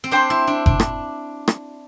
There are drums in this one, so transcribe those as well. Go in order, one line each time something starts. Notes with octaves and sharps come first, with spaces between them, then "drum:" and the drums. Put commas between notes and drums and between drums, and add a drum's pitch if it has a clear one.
C4
D4 C5 G5 C6
E4
D4
D4, drum: kick F#1
drum: rim click
drum: rim click